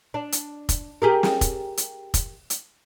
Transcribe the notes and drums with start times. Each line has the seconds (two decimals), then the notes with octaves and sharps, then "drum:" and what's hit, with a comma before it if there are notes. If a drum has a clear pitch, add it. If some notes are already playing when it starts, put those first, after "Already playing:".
0.14 D4
0.32 drum: hi-hat
0.69 drum: kick F1, hi-hat
1.02 G4 G#4 A#4
1.23 drum: snare
1.41 drum: kick F1, hi-hat
1.77 drum: hi-hat
2.14 drum: kick F1, hi-hat
2.50 drum: hi-hat